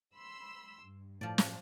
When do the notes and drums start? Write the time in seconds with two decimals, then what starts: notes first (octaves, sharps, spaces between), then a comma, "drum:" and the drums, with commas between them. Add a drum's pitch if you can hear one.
0.15 B5 C6 E6
0.82 G2
1.21 A2 F3 D5
1.38 drum: snare